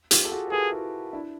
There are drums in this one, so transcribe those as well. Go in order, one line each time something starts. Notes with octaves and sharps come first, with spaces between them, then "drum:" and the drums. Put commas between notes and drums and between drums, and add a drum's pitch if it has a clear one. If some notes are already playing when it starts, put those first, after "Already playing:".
F4 G4, drum: hi-hat
A4
F#4 G#4
A#4
G#4 A4 B4
E4 F#4
D4 E4